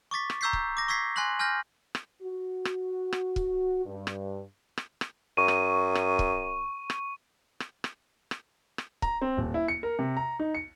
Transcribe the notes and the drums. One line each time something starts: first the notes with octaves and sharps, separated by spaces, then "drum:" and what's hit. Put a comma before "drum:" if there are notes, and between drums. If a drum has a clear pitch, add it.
C#6 D6 A6 B6
drum: rim click
A#5 C#6 E6 G6 B6 C7
drum: kick
D6 A#6
C#6 E6 G#6 B6 C7
G#5 C6 F#6 A#6 F#7
G#5 F6 G6 A#6
drum: rim click
F#4
drum: rim click
drum: rim click
drum: kick
G2
drum: rim click
drum: rim click
drum: rim click
F#2 C#6 D#7
drum: rim click
drum: rim click
drum: kick
drum: rim click
drum: rim click
drum: rim click
drum: rim click
drum: rim click
A#5, drum: kick
C4
D#1
E4
C#7
A#4
C3
A#5
D#4
C#7